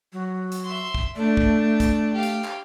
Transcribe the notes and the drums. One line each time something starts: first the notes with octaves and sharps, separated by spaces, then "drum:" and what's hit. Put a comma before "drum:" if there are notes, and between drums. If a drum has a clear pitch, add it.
F#3
drum: hi-hat
E5 C6
drum: kick
A3 D4
drum: kick
drum: kick, hi-hat
G4 F5
drum: hi-hat
drum: clap